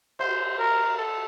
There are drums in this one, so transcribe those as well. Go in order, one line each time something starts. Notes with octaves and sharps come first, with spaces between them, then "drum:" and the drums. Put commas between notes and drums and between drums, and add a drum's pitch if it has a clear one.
C5, drum: cymbal
A#4
A4